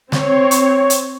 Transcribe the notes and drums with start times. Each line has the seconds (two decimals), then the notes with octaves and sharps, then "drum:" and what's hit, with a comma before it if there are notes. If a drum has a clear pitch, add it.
0.12 C4 C#5, drum: snare
0.51 drum: hi-hat
0.90 drum: hi-hat